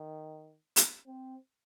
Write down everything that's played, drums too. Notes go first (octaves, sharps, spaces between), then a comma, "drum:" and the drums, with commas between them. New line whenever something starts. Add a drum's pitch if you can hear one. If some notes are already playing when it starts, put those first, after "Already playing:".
Already playing: D#3
drum: hi-hat
C4